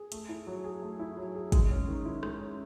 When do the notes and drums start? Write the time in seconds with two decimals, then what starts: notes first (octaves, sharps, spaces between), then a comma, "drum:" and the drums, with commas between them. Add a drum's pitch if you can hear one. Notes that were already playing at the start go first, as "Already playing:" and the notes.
Already playing: G#4
0.12 A3, drum: hi-hat
0.29 E4
0.47 F#3
0.64 G#4
0.82 A3
0.99 E4
1.17 F#3
1.35 G#4
1.52 G#3, drum: kick, hi-hat
1.70 C#4
1.88 D#3
2.05 E4
2.23 G#3, drum: rim click
2.40 C#4